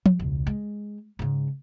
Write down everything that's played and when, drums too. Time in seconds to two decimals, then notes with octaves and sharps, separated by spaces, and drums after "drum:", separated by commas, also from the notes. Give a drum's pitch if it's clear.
0.06 G3, drum: tom F3
0.19 E1 C#2
0.47 G#3
1.19 G#2 C#3